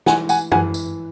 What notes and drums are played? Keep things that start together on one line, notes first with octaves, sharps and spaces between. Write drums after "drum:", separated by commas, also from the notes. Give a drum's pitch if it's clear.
E3 F#5 G#5, drum: snare
F#5 G#5, drum: tambourine
E3 F#5 G#5, drum: tom F#2
drum: tambourine